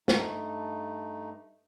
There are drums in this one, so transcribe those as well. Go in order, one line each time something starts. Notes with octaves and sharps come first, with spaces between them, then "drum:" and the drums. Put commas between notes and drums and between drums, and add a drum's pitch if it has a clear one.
G2 A3 D#4, drum: snare